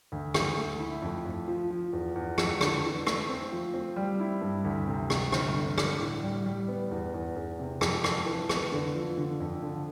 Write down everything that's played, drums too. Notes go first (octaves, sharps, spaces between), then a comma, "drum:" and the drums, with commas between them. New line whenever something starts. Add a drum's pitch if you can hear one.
D2
D2, drum: rim click
A3
E4
F2
F2
F3
F3
E2
E2
F2, drum: rim click
D3, drum: rim click
E3
A3, drum: rim click
C4
F3
C4
G3
E4
G2
D2
C3
C3, drum: rim click
G1, drum: rim click
D3
D3, drum: rim click
A2
G3
G3
B3
E2
E2
E2
C3
F2, drum: rim click
F2, drum: rim click
E3
B3, drum: rim click
D3
F3
D3
F2
D3